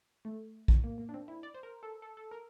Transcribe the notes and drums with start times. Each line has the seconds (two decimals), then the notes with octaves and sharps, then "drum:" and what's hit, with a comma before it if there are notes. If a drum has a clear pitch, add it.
0.25 A3
0.68 drum: kick A#1
0.84 A#3
0.98 A#3
1.09 D4
1.14 C4
1.28 E4
1.43 D5
1.54 C5
1.63 A#4
1.83 A4
2.02 A4
2.17 A4
2.31 A#4